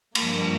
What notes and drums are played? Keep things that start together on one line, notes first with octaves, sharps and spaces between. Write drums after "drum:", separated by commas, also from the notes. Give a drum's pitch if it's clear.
G2 F3 A#3, drum: cymbal